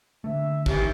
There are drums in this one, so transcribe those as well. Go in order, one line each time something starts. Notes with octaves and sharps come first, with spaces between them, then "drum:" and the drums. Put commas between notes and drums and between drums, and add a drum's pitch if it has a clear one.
D3 A3 E5
A2 D#3 E3 G4, drum: kick